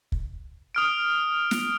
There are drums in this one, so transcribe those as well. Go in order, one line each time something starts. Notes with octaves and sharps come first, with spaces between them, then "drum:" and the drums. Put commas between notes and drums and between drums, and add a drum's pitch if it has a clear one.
drum: kick
D#6 F6 D7
drum: snare